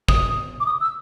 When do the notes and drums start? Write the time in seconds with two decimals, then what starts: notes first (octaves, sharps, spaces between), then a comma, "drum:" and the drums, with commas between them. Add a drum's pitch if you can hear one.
0.08 D#6, drum: kick
0.60 D6
0.66 D#6
0.81 E6